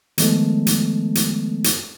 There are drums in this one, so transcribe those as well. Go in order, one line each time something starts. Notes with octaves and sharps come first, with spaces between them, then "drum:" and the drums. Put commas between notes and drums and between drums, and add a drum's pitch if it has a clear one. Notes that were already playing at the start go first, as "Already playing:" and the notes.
D#3 F3 G#3 A3 B3 A4, drum: hi-hat
drum: hi-hat
drum: hi-hat
drum: hi-hat